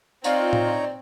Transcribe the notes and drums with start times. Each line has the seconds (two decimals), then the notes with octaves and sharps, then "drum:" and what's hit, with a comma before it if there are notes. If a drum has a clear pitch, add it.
0.24 C4 D#4 F4 C#5 D5 A#5, drum: tambourine
0.53 drum: tom A2